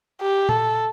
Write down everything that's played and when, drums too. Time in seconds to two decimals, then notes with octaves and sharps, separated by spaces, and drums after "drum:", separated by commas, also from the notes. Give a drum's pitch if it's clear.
0.21 G4
0.49 A4, drum: tom A#2